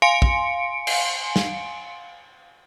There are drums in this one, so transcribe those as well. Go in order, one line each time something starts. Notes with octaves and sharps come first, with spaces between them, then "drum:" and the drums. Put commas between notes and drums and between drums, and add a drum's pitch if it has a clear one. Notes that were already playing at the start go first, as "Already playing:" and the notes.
F5 G#5 C6 C#7 D7
drum: kick
drum: cymbal
drum: snare